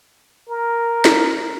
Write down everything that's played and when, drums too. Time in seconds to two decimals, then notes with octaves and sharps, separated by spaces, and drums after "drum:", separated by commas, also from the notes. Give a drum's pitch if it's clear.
0.49 A#4
1.05 drum: snare